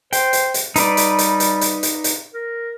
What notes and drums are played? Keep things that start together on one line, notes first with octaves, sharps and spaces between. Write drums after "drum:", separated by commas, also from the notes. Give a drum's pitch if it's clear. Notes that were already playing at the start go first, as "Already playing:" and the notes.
C5 G5, drum: hi-hat
drum: hi-hat
drum: hi-hat
G3 D#4 B4 D5, drum: hi-hat
drum: hi-hat
drum: hi-hat
drum: hi-hat
drum: hi-hat
drum: hi-hat
drum: hi-hat
A#4